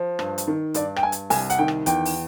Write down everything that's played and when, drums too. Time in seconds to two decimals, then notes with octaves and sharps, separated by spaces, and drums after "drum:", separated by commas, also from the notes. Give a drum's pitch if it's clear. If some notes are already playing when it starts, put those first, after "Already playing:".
Already playing: F3
0.19 G2, drum: rim click
0.38 drum: hi-hat
0.47 D#3
0.74 G2 D5, drum: hi-hat
0.96 G5, drum: rim click
1.03 G2 G#5
1.12 drum: hi-hat
1.30 C2 G#5, drum: open hi-hat
1.50 F#5, drum: hi-hat
1.58 D#3 G5
1.68 drum: rim click
1.86 E2 G5, drum: hi-hat
2.05 drum: open hi-hat